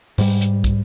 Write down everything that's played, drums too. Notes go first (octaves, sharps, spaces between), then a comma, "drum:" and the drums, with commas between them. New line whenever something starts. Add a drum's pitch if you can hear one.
G#2 G3, drum: open hi-hat
drum: hi-hat
drum: kick, hi-hat